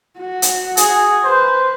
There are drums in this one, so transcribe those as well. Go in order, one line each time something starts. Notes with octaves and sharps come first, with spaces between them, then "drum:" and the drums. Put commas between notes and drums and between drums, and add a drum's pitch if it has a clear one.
F#4
drum: hi-hat
G#4, drum: hi-hat
B4 C5